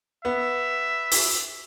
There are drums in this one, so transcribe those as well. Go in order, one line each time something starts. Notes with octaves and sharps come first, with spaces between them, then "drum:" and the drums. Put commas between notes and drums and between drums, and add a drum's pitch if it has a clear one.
B3 E5
drum: open hi-hat